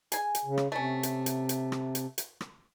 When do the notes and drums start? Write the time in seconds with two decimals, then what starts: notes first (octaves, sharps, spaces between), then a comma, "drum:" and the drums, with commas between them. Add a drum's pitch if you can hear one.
0.12 G#4 G#5, drum: hi-hat
0.35 drum: hi-hat
0.45 C#3
0.57 drum: rim click
0.72 C3 A3 C#4
1.03 drum: hi-hat
1.26 drum: hi-hat
1.49 drum: hi-hat
1.72 drum: rim click
1.95 drum: hi-hat
2.18 drum: hi-hat
2.41 drum: rim click